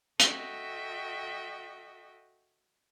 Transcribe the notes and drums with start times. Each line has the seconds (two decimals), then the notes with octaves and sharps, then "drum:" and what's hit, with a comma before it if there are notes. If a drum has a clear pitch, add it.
0.20 F#4 A4 D#5 E5 G5, drum: hi-hat